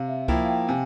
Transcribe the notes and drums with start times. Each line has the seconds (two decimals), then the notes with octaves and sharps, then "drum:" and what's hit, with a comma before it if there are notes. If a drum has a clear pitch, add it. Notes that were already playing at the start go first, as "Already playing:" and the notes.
Already playing: C3 F5
0.09 E5
0.28 F3 A#3 E4 G5, drum: kick C2
0.44 F5
0.48 G5
0.68 C3 G#5